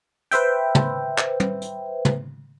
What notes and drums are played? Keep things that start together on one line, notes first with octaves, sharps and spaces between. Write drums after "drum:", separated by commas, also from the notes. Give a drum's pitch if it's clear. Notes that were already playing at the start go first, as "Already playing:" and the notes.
B4 C5 E5 G5, drum: hi-hat
drum: tom
drum: clap
drum: tom
drum: hi-hat
drum: tom